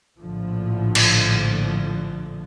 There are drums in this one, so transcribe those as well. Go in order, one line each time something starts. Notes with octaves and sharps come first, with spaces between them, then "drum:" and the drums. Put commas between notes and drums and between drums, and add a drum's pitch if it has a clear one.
A#1 A2 D3 F3
drum: cymbal